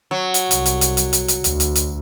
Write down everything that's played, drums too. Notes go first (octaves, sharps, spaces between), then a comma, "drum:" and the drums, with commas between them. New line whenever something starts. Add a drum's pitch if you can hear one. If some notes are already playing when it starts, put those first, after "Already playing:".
F#3
drum: hi-hat
C2, drum: hi-hat
drum: hi-hat
drum: hi-hat
drum: hi-hat
drum: hi-hat
drum: hi-hat
D2, drum: hi-hat
drum: hi-hat
drum: hi-hat